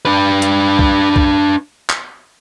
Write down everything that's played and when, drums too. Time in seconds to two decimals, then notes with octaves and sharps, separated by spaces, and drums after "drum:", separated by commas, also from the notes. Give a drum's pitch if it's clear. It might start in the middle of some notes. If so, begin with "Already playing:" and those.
0.05 D4 B4
0.42 drum: hi-hat
0.79 drum: kick B1
1.16 drum: kick B1
1.90 drum: clap